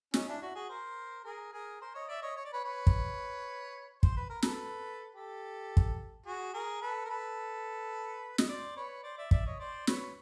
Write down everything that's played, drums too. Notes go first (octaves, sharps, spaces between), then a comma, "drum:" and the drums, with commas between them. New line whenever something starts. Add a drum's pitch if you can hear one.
C#4 D#4, drum: snare
D4 E4
E4 F#4
F#4 G#4
A#4 C5
G#4 A#4
G#4 A#4
A#4 C5
C#5 D#5
D5 E5
C#5 D#5
C#5
D5
B4 C#5
B4 C#5
drum: kick
C5, drum: kick
B4
A#4
A4 B4, drum: snare
G4 A4
drum: kick
F#4 G#4
G#4 A#4
A4 B4
A#4
A4 B4
D#5, drum: snare
C5 D5
B4 C#5
C5 D5
D5 E5
D5 E5, drum: kick
C#5 D#5
C5 D5
B4 C#5, drum: snare